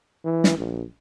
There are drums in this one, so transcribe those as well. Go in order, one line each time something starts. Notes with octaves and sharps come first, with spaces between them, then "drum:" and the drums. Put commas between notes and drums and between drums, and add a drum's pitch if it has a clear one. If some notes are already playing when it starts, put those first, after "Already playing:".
E3
drum: snare
A#1